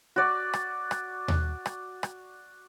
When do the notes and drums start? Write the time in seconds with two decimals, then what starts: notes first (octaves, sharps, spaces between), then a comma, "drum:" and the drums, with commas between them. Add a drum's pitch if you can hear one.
0.16 F#4 D5
0.54 drum: rim click
0.91 drum: rim click
1.28 drum: tom D#2
1.66 drum: rim click
2.03 drum: rim click